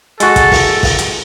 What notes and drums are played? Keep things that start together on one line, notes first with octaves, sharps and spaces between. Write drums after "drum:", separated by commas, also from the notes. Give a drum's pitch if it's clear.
G#3 F#4 A4, drum: hi-hat
drum: kick, hi-hat
drum: kick, open hi-hat
drum: kick, open hi-hat
drum: hi-hat